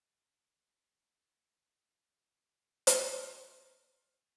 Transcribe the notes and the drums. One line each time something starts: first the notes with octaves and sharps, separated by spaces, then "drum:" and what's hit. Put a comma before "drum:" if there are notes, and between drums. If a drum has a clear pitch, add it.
B4
C#5
B4
C#5
B4
drum: hi-hat
A#4